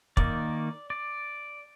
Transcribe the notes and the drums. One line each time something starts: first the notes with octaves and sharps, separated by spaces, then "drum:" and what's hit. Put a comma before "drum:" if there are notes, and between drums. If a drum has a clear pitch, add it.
D#3 A#3 D#4 D5, drum: kick
D5